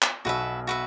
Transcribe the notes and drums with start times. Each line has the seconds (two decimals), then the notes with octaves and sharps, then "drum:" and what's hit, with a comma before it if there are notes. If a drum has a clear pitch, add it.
0.02 drum: clap
0.25 B1 B2 F#4 B4 E5
0.67 F#4 B4 E5